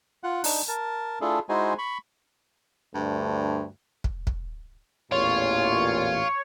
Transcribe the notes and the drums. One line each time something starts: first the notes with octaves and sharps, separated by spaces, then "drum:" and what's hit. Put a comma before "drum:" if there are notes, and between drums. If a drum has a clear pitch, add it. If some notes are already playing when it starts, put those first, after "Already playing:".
F4 F#5
D4 D#4, drum: open hi-hat
A#4 A5
A3 D4 E4 F4 G#4 A4
G#3 D#4 E4 F#4 C5 G#5
B5 C#6
D2 G2
drum: kick
drum: kick
A1 E2 A#2 F4 C#5